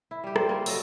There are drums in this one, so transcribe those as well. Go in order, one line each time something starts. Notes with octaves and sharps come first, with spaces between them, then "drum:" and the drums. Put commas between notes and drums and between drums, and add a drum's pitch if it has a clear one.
E4
G3 G4
C5, drum: rim click
A#3
F#3 A4 D#5, drum: open hi-hat